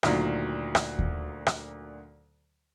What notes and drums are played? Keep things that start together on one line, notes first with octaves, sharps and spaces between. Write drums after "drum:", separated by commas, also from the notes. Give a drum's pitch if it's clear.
D2 A#2 D#3 F#3, drum: rim click
drum: rim click
drum: kick D#2
drum: rim click